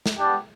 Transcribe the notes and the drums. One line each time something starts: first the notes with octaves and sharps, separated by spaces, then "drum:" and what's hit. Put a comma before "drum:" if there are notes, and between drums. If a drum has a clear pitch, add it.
drum: snare
B3 D4 G4